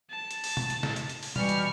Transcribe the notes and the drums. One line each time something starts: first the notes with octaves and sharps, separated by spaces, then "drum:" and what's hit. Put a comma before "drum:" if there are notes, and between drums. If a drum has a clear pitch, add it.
A5
drum: hi-hat
drum: open hi-hat
drum: tom B2
drum: hi-hat
drum: snare
drum: hi-hat
drum: hi-hat
drum: open hi-hat
B2 E3 G3 C#6 F6, drum: tom B2
drum: hi-hat